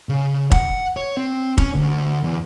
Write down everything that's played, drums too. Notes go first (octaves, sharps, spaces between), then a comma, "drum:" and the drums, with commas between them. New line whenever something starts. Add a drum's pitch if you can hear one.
C#3
F#5, drum: kick
C#5
C4
C#4, drum: kick
D2
E2